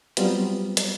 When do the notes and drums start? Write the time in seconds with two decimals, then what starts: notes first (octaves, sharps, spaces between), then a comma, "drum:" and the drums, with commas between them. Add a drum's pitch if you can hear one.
0.17 F#3 G3 B3 C4 F4, drum: hi-hat
0.77 drum: hi-hat